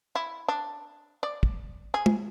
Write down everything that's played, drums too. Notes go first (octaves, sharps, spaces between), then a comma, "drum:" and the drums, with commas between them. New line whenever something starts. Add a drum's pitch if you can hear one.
E4
D4
D5
drum: kick
G#4
drum: tom